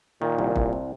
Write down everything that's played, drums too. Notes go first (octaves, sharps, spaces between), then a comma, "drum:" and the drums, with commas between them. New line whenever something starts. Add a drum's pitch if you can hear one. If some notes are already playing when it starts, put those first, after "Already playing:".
A#2 D#3
C2
C2, drum: kick
C3